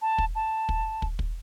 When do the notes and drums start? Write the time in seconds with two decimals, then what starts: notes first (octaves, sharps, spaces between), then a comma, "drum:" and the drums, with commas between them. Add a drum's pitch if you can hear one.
0.02 A5
0.18 drum: kick
0.35 A5
0.69 drum: kick
1.02 drum: kick
1.19 drum: kick